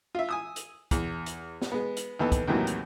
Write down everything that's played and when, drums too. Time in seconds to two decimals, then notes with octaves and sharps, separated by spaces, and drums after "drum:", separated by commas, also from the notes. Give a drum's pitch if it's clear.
0.15 F4 E5
0.29 G#5 D#6 E6
0.56 drum: hi-hat
0.91 E2, drum: kick, hi-hat
1.26 drum: hi-hat
1.62 drum: snare
1.72 G#3 B3
1.97 drum: hi-hat
2.19 D#2 E3 B3 A4
2.32 drum: kick, hi-hat
2.48 D#2 A2 C3 E3 F#3 A#3
2.67 drum: hi-hat